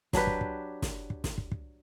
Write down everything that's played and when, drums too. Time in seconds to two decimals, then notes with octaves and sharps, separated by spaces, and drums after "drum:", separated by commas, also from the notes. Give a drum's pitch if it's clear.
0.13 F#3 D4 G4 B4, drum: snare
0.27 drum: kick
0.41 drum: kick
0.82 drum: snare
1.10 drum: kick
1.24 drum: snare
1.38 drum: kick
1.52 drum: kick